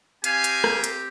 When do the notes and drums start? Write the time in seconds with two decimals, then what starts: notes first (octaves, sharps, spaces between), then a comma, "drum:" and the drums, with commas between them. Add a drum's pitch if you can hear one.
0.24 C4 G4 F5 G#5, drum: hi-hat
0.44 drum: hi-hat
0.64 drum: rim click
0.84 drum: hi-hat